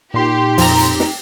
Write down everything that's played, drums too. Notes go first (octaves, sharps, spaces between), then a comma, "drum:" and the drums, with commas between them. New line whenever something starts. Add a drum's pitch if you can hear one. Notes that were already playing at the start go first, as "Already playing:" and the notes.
A#2 D#4 G4 C6
F2 A#5, drum: open hi-hat
drum: hi-hat
drum: snare